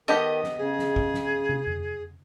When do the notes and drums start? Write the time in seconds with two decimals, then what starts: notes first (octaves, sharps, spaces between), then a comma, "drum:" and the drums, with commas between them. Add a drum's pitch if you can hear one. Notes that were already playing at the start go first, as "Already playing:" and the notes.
0.08 D#3 B3 G4 A4 D#5 D#6
0.43 drum: snare
0.58 C#3 G#4
0.79 drum: snare
0.96 drum: kick
1.14 drum: snare
1.49 drum: tom
1.67 drum: tom F2